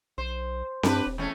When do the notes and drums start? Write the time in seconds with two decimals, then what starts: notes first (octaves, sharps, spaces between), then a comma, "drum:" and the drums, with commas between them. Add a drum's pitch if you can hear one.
0.18 B1 C5
0.83 G2 D4 G4 B4, drum: snare C4
1.06 E1
1.18 E2 A3 C#4